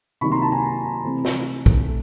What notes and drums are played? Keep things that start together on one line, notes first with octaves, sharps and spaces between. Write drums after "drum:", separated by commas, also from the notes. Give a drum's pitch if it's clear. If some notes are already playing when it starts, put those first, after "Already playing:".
C3 D#3 F#3 A#3 D#4 B5 C#6
A#5 C6
A5 B5
G#5 A#5
C3 E3 A3 C4 E4
drum: snare
drum: kick
A3